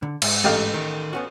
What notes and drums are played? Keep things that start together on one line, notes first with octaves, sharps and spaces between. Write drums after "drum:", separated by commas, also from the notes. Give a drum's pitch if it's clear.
D3
G#2 E5, drum: cymbal
A1 E4 G4 A4 D#5 F5
D#3
B3 C#4 F#4